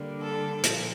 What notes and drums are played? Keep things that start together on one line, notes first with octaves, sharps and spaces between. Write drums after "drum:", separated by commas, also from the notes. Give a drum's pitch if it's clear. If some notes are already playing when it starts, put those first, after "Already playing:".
Already playing: D3 G3 A#3
A4
A#2 F3, drum: hi-hat